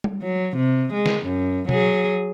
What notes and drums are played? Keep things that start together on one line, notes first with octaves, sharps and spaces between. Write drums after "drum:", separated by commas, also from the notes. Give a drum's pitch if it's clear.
drum: tom G3
F#3
C3
G#3
drum: snare
F#2
F#3 G#4, drum: tom B2